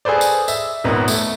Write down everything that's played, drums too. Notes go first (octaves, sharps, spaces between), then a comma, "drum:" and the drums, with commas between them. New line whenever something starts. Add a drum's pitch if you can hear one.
G#4 A4 B4 C5 D5
drum: tambourine
E5, drum: tambourine
D#1 G#1 D#3 B3 A#5
A3, drum: tambourine